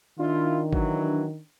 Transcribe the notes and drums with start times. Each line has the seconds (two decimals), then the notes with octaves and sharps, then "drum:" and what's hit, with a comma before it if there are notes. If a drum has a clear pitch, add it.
0.19 D#3 D4 E4 F4
0.73 E3 F#3, drum: kick